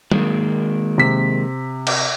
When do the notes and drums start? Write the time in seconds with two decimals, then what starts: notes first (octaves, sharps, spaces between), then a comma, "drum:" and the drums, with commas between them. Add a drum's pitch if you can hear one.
0.11 D#3 G#3 A#3, drum: tom
0.98 C3 B6
1.87 drum: cymbal